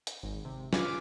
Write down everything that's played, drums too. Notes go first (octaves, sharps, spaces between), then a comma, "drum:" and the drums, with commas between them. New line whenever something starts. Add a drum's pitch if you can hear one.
drum: hi-hat
G#1
C3
F4 B4 F5 G#5 D6, drum: snare